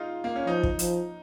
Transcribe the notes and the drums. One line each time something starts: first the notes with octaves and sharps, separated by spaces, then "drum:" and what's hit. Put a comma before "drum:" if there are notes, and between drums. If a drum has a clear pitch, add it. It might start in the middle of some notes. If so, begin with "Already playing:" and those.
Already playing: G#3 D#4 F4
A#3
C#4
F3 D#4
drum: kick
F3, drum: hi-hat